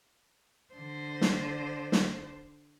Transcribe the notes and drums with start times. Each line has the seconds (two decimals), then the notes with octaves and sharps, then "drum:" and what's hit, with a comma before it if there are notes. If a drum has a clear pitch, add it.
0.74 D3 C5
1.21 drum: snare
1.92 drum: snare